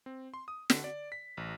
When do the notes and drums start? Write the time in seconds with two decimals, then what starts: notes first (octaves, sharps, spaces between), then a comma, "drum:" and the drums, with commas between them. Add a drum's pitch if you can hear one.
0.06 C4
0.34 C6
0.48 D#6
0.70 D3, drum: snare
0.84 D5
1.12 B6
1.37 A1